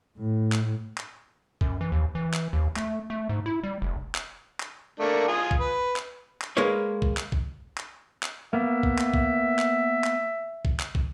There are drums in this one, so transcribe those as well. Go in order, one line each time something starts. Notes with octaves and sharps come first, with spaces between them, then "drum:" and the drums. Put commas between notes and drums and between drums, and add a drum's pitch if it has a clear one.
A2
drum: clap
drum: clap
F#2, drum: kick
E3
D#2
E3
drum: clap
D#2
A3, drum: clap
A3
G#2
E4
G3
F1
drum: clap
drum: clap
A3 A#3 D4
F4 G#5 D#6
drum: kick
B4
drum: clap
drum: clap
G#3 A#3 A#4 B4 C#5
drum: kick
drum: clap
drum: kick
drum: clap
drum: clap
A#3 B3 E5
drum: kick
drum: clap
drum: kick
drum: clap
drum: clap
drum: kick
drum: clap
drum: kick